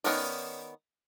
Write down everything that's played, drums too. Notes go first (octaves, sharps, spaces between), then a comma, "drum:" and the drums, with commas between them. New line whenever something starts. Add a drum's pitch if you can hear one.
D#3 B3 C#4 A#4 D5, drum: open hi-hat